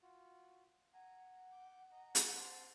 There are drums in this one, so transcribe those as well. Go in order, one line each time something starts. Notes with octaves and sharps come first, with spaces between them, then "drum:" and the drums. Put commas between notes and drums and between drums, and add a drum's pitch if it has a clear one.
F4 F#4
F#5 G#5 A#5
D6 G6
D#5 A#5
drum: hi-hat
C5 A5 C6